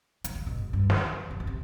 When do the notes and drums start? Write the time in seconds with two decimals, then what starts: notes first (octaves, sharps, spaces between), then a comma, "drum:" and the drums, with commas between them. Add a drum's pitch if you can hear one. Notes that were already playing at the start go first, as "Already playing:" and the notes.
0.24 C3, drum: hi-hat
0.35 D3
0.46 B2
0.58 G#2
0.73 G2
0.90 F2, drum: snare
1.31 B2
1.40 D3
1.47 C3